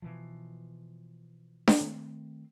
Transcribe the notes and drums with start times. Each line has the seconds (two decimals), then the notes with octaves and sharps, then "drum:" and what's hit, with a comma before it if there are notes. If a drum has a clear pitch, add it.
0.02 B2 E3 F3
1.68 drum: snare D4
1.81 D#3 A3 C4